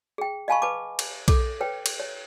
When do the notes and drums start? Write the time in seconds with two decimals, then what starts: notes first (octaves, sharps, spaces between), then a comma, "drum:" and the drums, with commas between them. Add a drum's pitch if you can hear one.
0.18 G#4 G5
0.48 D#5 F5 G#5 A5 B5 C#6
0.62 B4 A5 D6
0.99 drum: cymbal
1.28 A4 D6, drum: kick B1, cymbal
1.61 B4 C#5 G5
1.86 drum: cymbal
2.00 C#5